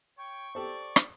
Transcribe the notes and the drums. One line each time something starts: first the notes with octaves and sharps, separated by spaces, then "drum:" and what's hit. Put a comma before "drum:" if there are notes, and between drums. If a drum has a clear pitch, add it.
C#5 G5 C#6
G4 A4 C5 D5
drum: rim click